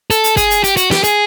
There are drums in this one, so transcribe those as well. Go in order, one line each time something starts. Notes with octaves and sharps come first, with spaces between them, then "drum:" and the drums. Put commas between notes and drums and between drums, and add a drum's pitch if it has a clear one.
A4, drum: hi-hat
drum: hi-hat
G#4, drum: kick, hi-hat
drum: hi-hat
G4, drum: hi-hat
F#4, drum: hi-hat
G4, drum: snare
G#4, drum: hi-hat